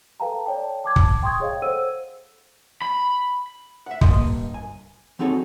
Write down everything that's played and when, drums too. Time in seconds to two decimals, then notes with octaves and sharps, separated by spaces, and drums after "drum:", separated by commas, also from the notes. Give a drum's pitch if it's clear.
0.20 A4 B4 F5 G5 A5 A#5
0.46 A4 C#5 D5 G5 A5
0.84 A5 D6 G#6
0.96 drum: kick
1.23 G5 C6 C#6 D#6 G#6
1.40 G#4 C#5 D#5 F5 G5
1.62 A4 C5 F#5 E6 D#7
2.82 B5
3.86 E5 F#5
4.01 G2 A#3 D#5 C6, drum: kick
4.54 G#5
5.19 F#3 C4 D#4 G#4 A4 C#5